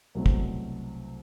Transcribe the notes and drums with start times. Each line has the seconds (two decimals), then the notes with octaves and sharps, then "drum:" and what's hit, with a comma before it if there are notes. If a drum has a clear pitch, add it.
0.15 C2 B2 F#3 A3 C4
0.26 drum: kick